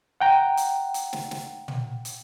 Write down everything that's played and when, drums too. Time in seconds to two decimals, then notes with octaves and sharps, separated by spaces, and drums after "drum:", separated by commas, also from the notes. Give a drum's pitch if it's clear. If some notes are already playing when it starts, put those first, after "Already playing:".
0.20 F#5 G5 A#5
0.57 drum: hi-hat
0.94 drum: hi-hat
1.13 drum: snare
1.31 drum: snare
1.68 drum: tom
2.05 drum: hi-hat